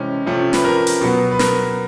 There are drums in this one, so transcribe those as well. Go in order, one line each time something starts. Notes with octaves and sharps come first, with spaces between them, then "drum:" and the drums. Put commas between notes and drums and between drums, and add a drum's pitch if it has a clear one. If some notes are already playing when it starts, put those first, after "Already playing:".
Already playing: C3 E3 G#3 C#4
C3 F3 A3 C#4
B4, drum: snare
A#4
drum: hi-hat
B2 F#3 B3
B4
A#4, drum: snare